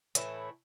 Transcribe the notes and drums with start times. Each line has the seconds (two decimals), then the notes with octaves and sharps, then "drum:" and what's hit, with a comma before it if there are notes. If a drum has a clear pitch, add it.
0.15 A2 E3 A3 E4, drum: hi-hat